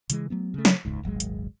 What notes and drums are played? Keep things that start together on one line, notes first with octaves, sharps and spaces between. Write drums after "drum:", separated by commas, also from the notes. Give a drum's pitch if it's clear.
C#3 E3 G#3, drum: hi-hat
F#3 A3 B3
C#3 A3
drum: snare
E1 C#2 G#2
D#1 G#1 F#3 G#3
drum: hi-hat